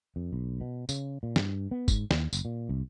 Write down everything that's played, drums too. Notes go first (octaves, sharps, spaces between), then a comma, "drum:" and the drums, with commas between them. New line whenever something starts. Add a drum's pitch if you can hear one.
F2
B1
B2
C#3, drum: tambourine
A#2
G2, drum: snare
B3
G#2, drum: kick F#1, tambourine
D#2, drum: snare
F#1, drum: tambourine
A#2
C2